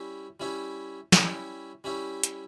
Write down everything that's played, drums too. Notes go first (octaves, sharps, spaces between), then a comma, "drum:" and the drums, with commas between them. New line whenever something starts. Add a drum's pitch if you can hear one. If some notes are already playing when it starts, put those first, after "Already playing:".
Already playing: G3 C#4 E4 G4 C#5
G3 C#4 E4 G4 C#5
G3 C#4 E4 G4 C#5, drum: snare
G3 C#4 E4 G4 C#5
drum: hi-hat